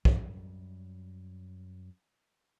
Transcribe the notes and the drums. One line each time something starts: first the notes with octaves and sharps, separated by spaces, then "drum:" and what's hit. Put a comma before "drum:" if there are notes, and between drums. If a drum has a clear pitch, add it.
F#2 G3, drum: kick